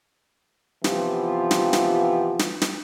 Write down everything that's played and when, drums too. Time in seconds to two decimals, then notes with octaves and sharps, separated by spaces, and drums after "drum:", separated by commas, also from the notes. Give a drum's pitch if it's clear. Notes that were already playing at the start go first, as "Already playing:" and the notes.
0.84 C3 E3 F3 B3 F4 G4, drum: snare
1.51 drum: snare
1.73 drum: snare
2.39 drum: snare
2.62 drum: snare